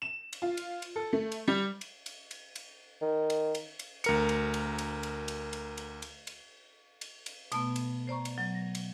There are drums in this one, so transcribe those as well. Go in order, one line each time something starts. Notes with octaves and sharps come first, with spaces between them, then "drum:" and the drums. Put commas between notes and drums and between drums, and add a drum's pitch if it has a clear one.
E7
drum: cymbal
F4
drum: cymbal
drum: cymbal
A4
A3
drum: cymbal
G3
drum: cymbal
drum: cymbal
drum: cymbal
drum: cymbal
D#3
drum: cymbal
drum: cymbal
drum: cymbal
D2 A#4 C#7, drum: cymbal
drum: cymbal
drum: cymbal
drum: cymbal
drum: cymbal
drum: cymbal
drum: cymbal
drum: cymbal
drum: cymbal
drum: cymbal
drum: cymbal
drum: cymbal
B2 A3 B3, drum: cymbal
drum: cymbal
C5 D5 A#5 C#6
drum: cymbal
F#3
A#6
drum: cymbal